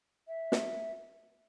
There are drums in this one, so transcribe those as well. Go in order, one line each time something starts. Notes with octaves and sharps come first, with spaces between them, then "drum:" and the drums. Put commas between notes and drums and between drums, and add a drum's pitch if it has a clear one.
E5
drum: snare